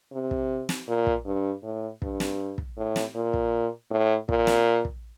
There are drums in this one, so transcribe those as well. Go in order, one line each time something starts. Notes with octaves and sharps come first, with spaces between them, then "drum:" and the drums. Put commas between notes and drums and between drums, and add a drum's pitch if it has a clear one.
C3
drum: kick
drum: snare
A#2
drum: kick
G2
A2
G2, drum: kick
drum: snare
drum: kick
A2
drum: snare
A#2
drum: kick
A2
A#2, drum: kick
drum: snare
drum: kick